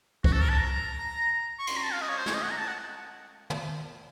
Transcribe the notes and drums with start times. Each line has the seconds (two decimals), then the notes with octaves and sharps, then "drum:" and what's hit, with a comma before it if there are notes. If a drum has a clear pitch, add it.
0.24 F#4, drum: kick C2
0.33 A4
0.42 A#4
0.49 A5
0.59 A#5
1.59 C#6
1.67 C6, drum: cymbal
1.76 A#5
1.84 A5
1.93 F5
2.01 D#5
2.09 C#5
2.18 C5
2.26 C#5, drum: snare
2.35 D#5
2.43 F#5
2.51 A#5
2.59 A5
2.68 F#5
3.50 drum: tom